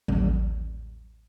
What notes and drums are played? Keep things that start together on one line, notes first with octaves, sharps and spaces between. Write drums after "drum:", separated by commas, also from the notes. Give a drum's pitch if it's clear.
A1 D#2, drum: tom F#3